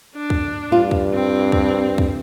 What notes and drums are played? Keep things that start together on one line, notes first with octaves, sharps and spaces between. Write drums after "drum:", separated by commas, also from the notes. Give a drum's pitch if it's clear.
D4
drum: kick
G2 F4
drum: kick
C4
drum: kick
drum: kick